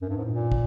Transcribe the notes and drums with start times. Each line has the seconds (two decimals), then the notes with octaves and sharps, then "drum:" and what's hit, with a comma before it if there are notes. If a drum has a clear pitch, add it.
0.02 F#2
0.09 G2
0.17 G#2
0.25 A2
0.32 A#2
0.52 drum: kick